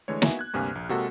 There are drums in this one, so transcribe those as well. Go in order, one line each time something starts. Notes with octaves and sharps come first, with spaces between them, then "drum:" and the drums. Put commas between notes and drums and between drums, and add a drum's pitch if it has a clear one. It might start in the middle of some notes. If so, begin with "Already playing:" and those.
D3 E3 G#3 A3 C#5
A#3 B3 D#4 F#4 E5 G#5, drum: snare
F#6 G#6
D2 G2 C3 A#3 G#5 F6
A#1
C3 G#3 A#3 F#4 G#4 A4